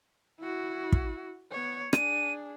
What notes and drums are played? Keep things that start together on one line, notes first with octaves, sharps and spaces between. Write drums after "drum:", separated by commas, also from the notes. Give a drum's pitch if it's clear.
E4 F#4
drum: kick
B3 C#5
D4 G#4 D#7, drum: rim click